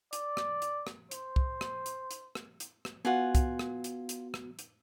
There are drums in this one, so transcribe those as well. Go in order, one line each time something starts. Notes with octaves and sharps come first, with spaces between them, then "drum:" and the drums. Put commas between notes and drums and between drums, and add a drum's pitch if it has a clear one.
D5, drum: hi-hat
drum: rim click
drum: hi-hat
drum: rim click
C5, drum: hi-hat
drum: kick C2
drum: rim click
drum: hi-hat
drum: hi-hat
drum: rim click
drum: hi-hat
drum: rim click
B3 F4 F#4 F#5 G#5
drum: kick C2, hi-hat
drum: rim click
drum: hi-hat
drum: hi-hat
drum: rim click
drum: hi-hat